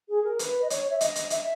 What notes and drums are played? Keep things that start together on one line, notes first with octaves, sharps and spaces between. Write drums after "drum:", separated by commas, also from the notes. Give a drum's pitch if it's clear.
G#4
A#4
B4, drum: hi-hat
D#5
C#5, drum: hi-hat
E5
D#5, drum: hi-hat
drum: hi-hat
E5, drum: hi-hat